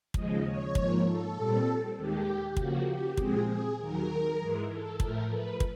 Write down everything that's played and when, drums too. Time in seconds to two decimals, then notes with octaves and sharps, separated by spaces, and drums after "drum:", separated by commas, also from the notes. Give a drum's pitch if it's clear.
0.14 D#2 C#3 F3 G#3 D#5, drum: kick
0.44 C#5
0.75 G#2 F3 A#3, drum: kick
1.06 A4
1.35 A#2 G3 C4
1.96 D#2 D#3 G#3 G4
2.57 C#3 F3 A#3 F#4, drum: kick
2.87 G4
3.17 A#2 F3 G#3 C4 G#4, drum: kick
3.48 G#4
3.78 D#2 D#3 F#3 A#4
4.39 G#2 E3 G#3
4.70 A4
5.00 A2 F3 A3 A#4, drum: kick
5.30 B4
5.60 drum: kick